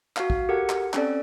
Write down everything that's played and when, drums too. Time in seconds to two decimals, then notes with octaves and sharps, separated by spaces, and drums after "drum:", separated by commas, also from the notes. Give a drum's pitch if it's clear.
0.17 F#4 F5, drum: clap
0.30 drum: kick
0.49 G4 A4 A#4 F#5
0.69 drum: clap
0.94 C4 C#4 A4 D5, drum: clap